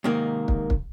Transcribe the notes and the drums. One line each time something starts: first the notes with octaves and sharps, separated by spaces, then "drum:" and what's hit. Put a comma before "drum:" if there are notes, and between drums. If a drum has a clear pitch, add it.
G#2 C3 D#3 A#3
drum: kick
drum: kick